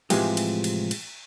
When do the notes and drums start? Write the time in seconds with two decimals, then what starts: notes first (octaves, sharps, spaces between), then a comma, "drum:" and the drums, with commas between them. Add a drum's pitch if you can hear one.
0.10 A2 C3 E3 F3 G#3 G4, drum: cymbal
0.37 drum: cymbal
0.64 drum: cymbal
0.91 drum: cymbal